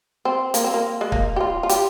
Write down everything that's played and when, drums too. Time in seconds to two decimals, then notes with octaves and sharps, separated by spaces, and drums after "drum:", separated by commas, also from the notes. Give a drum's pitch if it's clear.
0.25 C4
0.54 A#3, drum: hi-hat
0.64 C4
0.74 A#3
1.01 G#3
1.12 A#3, drum: kick
1.36 G4
1.41 F4
1.63 F4
1.69 G4, drum: hi-hat